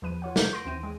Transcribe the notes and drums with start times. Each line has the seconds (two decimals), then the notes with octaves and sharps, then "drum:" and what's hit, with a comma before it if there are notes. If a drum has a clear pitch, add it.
0.02 E2 F3 B4 D#7
0.22 F4 C#5 F#5
0.36 G6, drum: snare
0.53 C6 A#6 D7
0.65 D#2 E3 C4 G5 D#7
0.83 G#3